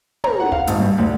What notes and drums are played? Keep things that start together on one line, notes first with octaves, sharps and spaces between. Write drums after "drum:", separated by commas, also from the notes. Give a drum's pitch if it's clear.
A#5, drum: tom
F#5
F5, drum: kick
G#1, drum: hi-hat
G2
D2